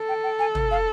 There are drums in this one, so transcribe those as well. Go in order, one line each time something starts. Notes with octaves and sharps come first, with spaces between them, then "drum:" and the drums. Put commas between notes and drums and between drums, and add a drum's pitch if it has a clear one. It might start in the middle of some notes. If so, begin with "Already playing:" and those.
Already playing: A4
G5
G5
G#5
drum: tom
F5